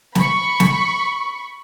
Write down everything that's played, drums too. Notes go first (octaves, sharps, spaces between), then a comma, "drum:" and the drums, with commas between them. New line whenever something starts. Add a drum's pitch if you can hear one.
B5 C#6, drum: snare
drum: snare